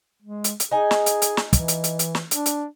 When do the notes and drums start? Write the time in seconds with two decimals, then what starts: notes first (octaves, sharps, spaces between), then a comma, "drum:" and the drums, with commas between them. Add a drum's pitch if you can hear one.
0.22 G#3
0.44 drum: hi-hat
0.60 drum: hi-hat
0.71 D#4 G#4 G#5
0.91 drum: snare
1.06 drum: hi-hat
1.22 drum: hi-hat
1.37 drum: snare
1.53 E3, drum: kick, hi-hat
1.68 drum: hi-hat
1.84 drum: hi-hat
1.99 drum: hi-hat
2.15 drum: snare
2.31 D4, drum: hi-hat
2.46 drum: hi-hat